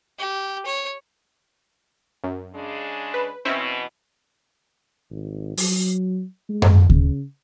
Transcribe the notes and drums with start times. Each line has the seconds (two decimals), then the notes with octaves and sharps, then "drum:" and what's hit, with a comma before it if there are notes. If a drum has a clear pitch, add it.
0.19 G4
0.66 C#5
2.24 F#2
2.53 C#3 G#3 D4
3.14 B4
3.45 B2 E3 C4 C#4 E4
5.10 G#1
5.57 F#3, drum: open hi-hat
6.49 G#3
6.62 drum: tom F#2
6.90 C#3, drum: kick D2